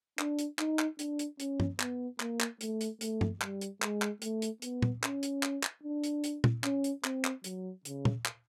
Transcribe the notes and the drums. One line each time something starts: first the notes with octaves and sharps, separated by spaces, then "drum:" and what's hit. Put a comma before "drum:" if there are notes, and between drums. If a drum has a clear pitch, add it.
D4, drum: clap
drum: hi-hat
D#4, drum: clap
drum: clap
D4, drum: hi-hat
drum: hi-hat
C#4, drum: hi-hat
drum: tom G2
B3, drum: clap
A#3, drum: clap
drum: clap
A3, drum: hi-hat
drum: hi-hat
A3, drum: hi-hat
drum: tom G2
G3, drum: clap
drum: hi-hat
G#3, drum: clap
drum: clap
A3, drum: hi-hat
drum: hi-hat
B3, drum: hi-hat
drum: tom A#2
C#4, drum: clap
drum: hi-hat
drum: clap
drum: clap
D4
drum: hi-hat
drum: hi-hat
drum: tom A#2
C#4, drum: clap
drum: hi-hat
C4, drum: clap
drum: clap
F#3, drum: hi-hat
C#3, drum: hi-hat
drum: tom A#2
drum: clap